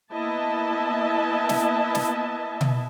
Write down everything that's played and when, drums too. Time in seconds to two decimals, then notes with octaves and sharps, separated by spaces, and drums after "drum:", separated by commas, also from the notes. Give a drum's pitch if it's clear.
0.13 A#3 B3 E4 D#5 E5 A5
1.49 drum: snare
1.95 drum: snare
2.61 drum: tom B2